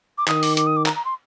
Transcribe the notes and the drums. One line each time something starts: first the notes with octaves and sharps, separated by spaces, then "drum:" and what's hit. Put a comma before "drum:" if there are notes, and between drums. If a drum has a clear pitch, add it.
D6
D#3 D#6, drum: clap
D6, drum: open hi-hat
D6, drum: hi-hat
D#6
D6
A#5, drum: clap
A#5
C6